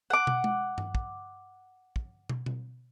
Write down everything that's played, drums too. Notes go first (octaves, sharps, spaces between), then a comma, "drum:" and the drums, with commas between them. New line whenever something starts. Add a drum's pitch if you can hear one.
F#5 D6
drum: tom
drum: tom G#3
drum: tom G2
drum: kick
drum: kick
drum: tom
drum: tom B2